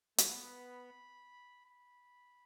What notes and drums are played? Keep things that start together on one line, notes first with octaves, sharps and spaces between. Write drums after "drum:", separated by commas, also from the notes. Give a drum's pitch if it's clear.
A3, drum: hi-hat
B3 B5
B5